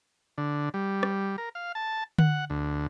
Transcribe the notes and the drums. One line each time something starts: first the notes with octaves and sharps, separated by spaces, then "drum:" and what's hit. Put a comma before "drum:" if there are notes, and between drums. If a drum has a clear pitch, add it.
D3
G3
drum: rim click
A#4
F5
A5
F#5, drum: tom D3
D2